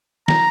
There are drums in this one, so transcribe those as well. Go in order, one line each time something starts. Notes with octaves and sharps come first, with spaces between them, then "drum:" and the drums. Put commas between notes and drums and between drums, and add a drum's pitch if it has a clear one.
A#5, drum: snare